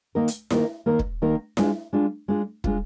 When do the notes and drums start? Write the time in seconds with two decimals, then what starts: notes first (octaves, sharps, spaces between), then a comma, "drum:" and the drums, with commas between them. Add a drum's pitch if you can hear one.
0.15 D#3 A#3 D#4 A#4
0.28 drum: hi-hat
0.51 D#3 A#3 D#4 A#4, drum: snare E4
0.86 D#3 A#3 D#4 A#4
0.99 drum: kick
1.22 D#3 A#3 D#4 A#4
1.57 G#3 D4 F4, drum: snare E4
1.93 G#3 D4 F4
2.28 G#3 D4 F4
2.64 G#3 D4 F4, drum: kick